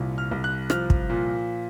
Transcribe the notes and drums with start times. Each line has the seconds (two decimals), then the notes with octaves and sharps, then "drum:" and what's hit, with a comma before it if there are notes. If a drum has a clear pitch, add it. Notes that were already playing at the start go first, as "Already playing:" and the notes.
Already playing: C2 A#2
0.18 F6
0.31 C2
0.44 F#6
0.70 F3 F6, drum: rim click
0.90 drum: kick
1.10 A#2